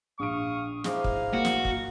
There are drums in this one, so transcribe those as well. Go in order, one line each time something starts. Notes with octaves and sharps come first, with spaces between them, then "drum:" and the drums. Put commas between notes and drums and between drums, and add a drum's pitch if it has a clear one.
A#1 F5 C#6 D#6 D7
D#4 E4 G#4 C5 F5 D6, drum: snare
drum: kick
A#3 F#4
drum: snare
drum: kick